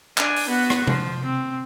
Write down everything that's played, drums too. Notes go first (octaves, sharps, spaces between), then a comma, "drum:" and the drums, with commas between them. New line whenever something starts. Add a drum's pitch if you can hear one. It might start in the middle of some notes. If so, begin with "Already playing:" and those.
D4 G#5, drum: clap
drum: open hi-hat
B3 F#4
drum: rim click
F3, drum: tom C3
C4